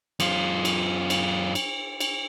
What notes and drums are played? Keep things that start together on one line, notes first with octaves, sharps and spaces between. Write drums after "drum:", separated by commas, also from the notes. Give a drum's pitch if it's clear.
F#2 F4, drum: cymbal
drum: cymbal
drum: cymbal
drum: cymbal
drum: cymbal